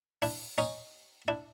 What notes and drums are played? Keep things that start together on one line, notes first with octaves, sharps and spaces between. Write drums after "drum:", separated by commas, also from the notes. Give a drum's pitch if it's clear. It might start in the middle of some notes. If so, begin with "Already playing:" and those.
D4 E4, drum: open hi-hat
C#4 D#4, drum: tambourine
D4 E4